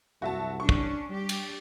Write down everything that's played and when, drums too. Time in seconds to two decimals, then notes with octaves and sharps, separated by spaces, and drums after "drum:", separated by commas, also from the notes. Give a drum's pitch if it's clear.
0.22 C2 F#2 F#4 E5 A5
0.60 C#4 D4 C#6
0.69 drum: kick
1.10 G3 D4 G4
1.29 drum: cymbal